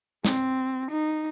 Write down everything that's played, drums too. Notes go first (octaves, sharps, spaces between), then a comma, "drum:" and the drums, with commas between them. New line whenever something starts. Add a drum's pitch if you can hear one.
C4, drum: snare
D#4